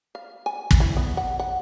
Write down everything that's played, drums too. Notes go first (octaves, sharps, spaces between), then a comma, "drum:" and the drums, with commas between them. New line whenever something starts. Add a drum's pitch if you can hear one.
F5
G#5
drum: kick
E4
B3
F#5
F#5